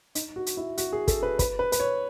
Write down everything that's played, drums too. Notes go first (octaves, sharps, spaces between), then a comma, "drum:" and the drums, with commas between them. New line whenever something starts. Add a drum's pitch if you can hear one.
D#4, drum: hi-hat
F#4
drum: hi-hat
E4
F#4, drum: hi-hat
G#4
A4, drum: kick, hi-hat
B4
B4, drum: kick, hi-hat
B4
B4, drum: hi-hat
C#5